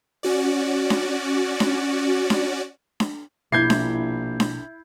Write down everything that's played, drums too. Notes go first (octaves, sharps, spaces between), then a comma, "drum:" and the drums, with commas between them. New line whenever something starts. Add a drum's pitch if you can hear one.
C#4 F#4 D5
drum: snare D4
drum: snare D4
drum: snare D4
drum: snare D4
A#1 B2 E4 D6 G6 G#6 C7
drum: snare D4
drum: snare D4